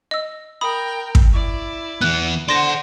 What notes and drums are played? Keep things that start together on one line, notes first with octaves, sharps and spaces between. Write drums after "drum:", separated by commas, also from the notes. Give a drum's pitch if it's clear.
D#5 E6
A#4 G5 B5 D#6
drum: kick
E4 D5
E3 B3 F#6
A4 C5 D5 F#5 C6 A#6 E7